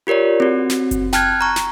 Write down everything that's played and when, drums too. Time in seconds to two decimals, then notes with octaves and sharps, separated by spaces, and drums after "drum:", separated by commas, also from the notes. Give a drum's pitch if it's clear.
0.07 F4 G4 A#4 C#5 D5
0.40 C4 F#4
0.70 drum: snare
0.91 drum: kick F#1, hi-hat
1.13 G5 A5 F6 F#6 G#6, drum: snare
1.41 A#5 C#6
1.56 drum: snare